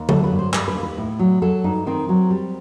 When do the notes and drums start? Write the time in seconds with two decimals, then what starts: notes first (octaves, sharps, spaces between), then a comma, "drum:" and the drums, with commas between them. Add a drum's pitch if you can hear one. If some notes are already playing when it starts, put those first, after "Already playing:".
Already playing: D#2
0.09 F#3 A4, drum: tom D3
0.24 B4
0.32 G2
0.39 C5
0.54 G3 B4, drum: clap
0.68 B4
0.75 D#2
0.83 B4
0.97 A2
1.19 F#3
1.42 F#3 A4
1.64 G2 D#4
1.86 D#3 C4
2.09 F#3
2.30 G3